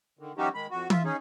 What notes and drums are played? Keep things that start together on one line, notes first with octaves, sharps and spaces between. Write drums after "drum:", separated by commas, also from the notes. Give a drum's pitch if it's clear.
D3 D#3
E3 F#3 C#4 D#4 F#4 G4
D#3 G#3 B5
F2 F#4
F4 E5, drum: tom E3
C#4 D#4 G#4